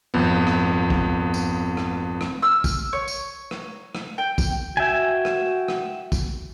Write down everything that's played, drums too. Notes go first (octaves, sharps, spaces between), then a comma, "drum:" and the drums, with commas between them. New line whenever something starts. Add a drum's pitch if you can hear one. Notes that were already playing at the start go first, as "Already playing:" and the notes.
G#1 F2 B3
drum: rim click
drum: kick
drum: tambourine
drum: rim click
drum: rim click
E6 F6
drum: kick, tambourine
C#5
drum: tambourine
drum: rim click
drum: rim click
G5
drum: kick, tambourine
F#4 E5 G5 G#5
drum: rim click
drum: rim click
drum: kick, tambourine